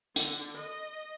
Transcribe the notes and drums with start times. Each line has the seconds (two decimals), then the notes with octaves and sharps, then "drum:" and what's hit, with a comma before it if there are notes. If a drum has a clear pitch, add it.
0.16 D3, drum: hi-hat
0.57 D#5